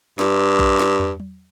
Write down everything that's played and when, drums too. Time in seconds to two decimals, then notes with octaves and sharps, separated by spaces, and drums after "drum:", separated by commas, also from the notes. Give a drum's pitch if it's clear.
0.19 G2, drum: snare
0.59 drum: kick A#1
0.79 drum: snare
1.00 drum: tom
1.20 drum: tom F#3